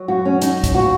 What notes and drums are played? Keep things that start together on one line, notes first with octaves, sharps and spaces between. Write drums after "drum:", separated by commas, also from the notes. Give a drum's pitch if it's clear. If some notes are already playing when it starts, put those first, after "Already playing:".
Already playing: F#3
F#2 F#4
C#4
F#3 D#4, drum: hi-hat
drum: kick, hi-hat
A#2 F#4